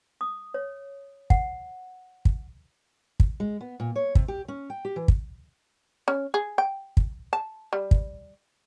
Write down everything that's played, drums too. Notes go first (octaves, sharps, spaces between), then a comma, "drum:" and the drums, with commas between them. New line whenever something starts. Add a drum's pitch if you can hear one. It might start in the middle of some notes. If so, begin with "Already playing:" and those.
D#6
C#5
F#5, drum: kick
drum: kick
drum: kick
G#3
B3
A#2
C#5
C3, drum: kick
G4
C#4
G5
G4
E3
drum: kick
C#4
G#4
G5
drum: kick
A5
G3
drum: kick